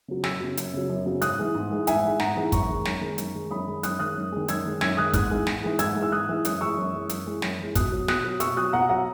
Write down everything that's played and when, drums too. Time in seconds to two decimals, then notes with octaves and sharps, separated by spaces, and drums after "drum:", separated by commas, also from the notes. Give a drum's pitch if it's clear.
0.08 C#3 F#3
0.24 F#2 E6 G#6, drum: snare
0.40 C#3 F#3
0.57 F#2, drum: hi-hat
0.74 C#3 F#3
0.90 F#2
1.06 C#3 F#3
1.22 G#2 D#6 F#6, drum: hi-hat
1.39 E3 G#3
1.55 G#2
1.71 E3 G#3
1.87 G#2 E5 G#5, drum: hi-hat
2.03 E3 G#3
2.20 G#2 F#5 A#5, drum: snare
2.37 E3 G#3
2.52 F#2 A#5 C#6, drum: kick, hi-hat
2.69 D#3 G#3
2.85 F#2, drum: snare
3.01 D#3 G#3
3.18 F#2, drum: hi-hat
3.35 D#3 G#3
3.51 F#2 B5 D#6
3.67 D#3 G#3
3.83 F#2 D#6 F#6, drum: hi-hat
3.99 D#3 G#3 D#6 F#6
4.16 F#2
4.32 D#3 G#3
4.48 F#2 E6 G#6, drum: hi-hat
4.65 D#3 G#3
4.81 F#2 E6 G#6, drum: snare
4.97 D#3 G#3 D#6 F#6
5.13 G#2 D#6 F#6, drum: kick, hi-hat
5.31 E3 G#3
5.47 G#2, drum: snare
5.64 E3 G#3
5.79 G#2 E6 G#6, drum: hi-hat
5.96 E3 G#3
6.03 E6
6.12 G#2 D#6 F#6
6.29 E3 G#3
6.45 F#2 D#6 F#6, drum: hi-hat
6.61 E3 G#3 C#6 E6
6.77 F#2
6.93 E3 G#3
7.09 F#2, drum: hi-hat
7.26 E3 G#3
7.42 F#2, drum: snare
7.59 E3 G#3
7.75 B2 D#6 F#6, drum: kick, hi-hat
7.92 F#3
8.08 B2 D#6 F#6, drum: snare
8.24 F#3
8.40 B2 C#6 E6, drum: hi-hat
8.57 F#3 D#6 F#6
8.73 B2 F#5 A#5
8.89 F#3 F#5 A#5